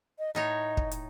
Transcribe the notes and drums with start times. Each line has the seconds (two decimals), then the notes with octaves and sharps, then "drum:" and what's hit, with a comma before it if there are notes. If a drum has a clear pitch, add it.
0.19 D#5
0.35 A2 D#4 C#5 D#5
0.77 drum: kick
0.91 drum: hi-hat